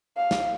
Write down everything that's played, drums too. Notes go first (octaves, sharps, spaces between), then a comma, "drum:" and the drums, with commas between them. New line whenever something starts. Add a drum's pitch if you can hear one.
F5
drum: snare